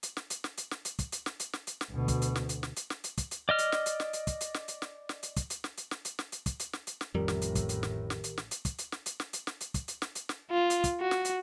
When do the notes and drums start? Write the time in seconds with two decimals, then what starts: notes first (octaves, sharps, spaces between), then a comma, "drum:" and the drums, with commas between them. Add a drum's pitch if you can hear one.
0.03 drum: hi-hat
0.17 drum: snare
0.30 drum: hi-hat
0.44 drum: snare
0.58 drum: hi-hat
0.71 drum: snare
0.85 drum: hi-hat
0.99 drum: kick, hi-hat
1.12 drum: hi-hat
1.26 drum: snare
1.40 drum: hi-hat
1.53 drum: snare
1.67 drum: hi-hat
1.81 drum: snare
1.91 D2 B2
2.08 drum: kick, hi-hat
2.22 drum: hi-hat
2.36 drum: snare
2.49 drum: hi-hat
2.63 drum: snare
2.77 drum: hi-hat
2.90 drum: snare
3.04 drum: hi-hat
3.18 drum: kick, hi-hat
3.31 drum: hi-hat
3.49 D5 D#5 F6
3.59 drum: hi-hat
3.72 drum: snare
3.86 drum: hi-hat
4.00 drum: snare
4.13 drum: hi-hat
4.27 drum: kick, hi-hat
4.41 drum: hi-hat
4.54 drum: snare
4.68 drum: hi-hat
4.82 drum: snare
5.09 drum: snare
5.23 drum: hi-hat
5.37 drum: kick, hi-hat
5.50 drum: hi-hat
5.64 drum: snare
5.78 drum: hi-hat
5.91 drum: snare
6.05 drum: hi-hat
6.19 drum: snare
6.32 drum: hi-hat
6.46 drum: kick, hi-hat
6.60 drum: hi-hat
6.73 drum: snare
6.87 drum: hi-hat
7.01 drum: snare
7.14 A1 F2 A2 D#3 G3 G4 A#4
7.28 drum: snare
7.42 drum: hi-hat
7.55 drum: kick, hi-hat
7.69 drum: hi-hat
7.83 drum: snare
8.10 drum: snare
8.24 drum: hi-hat
8.38 drum: snare
8.51 drum: hi-hat
8.65 drum: kick, hi-hat
8.79 drum: hi-hat
8.92 drum: snare
9.06 drum: hi-hat
9.20 drum: snare
9.33 drum: hi-hat
9.47 drum: snare
9.61 drum: hi-hat
9.74 drum: kick, hi-hat
9.88 drum: hi-hat
10.02 drum: snare
10.15 drum: hi-hat
10.29 drum: snare
10.51 F4
10.70 drum: hi-hat
10.84 drum: kick, hi-hat
11.01 F#4
11.11 drum: snare
11.25 drum: hi-hat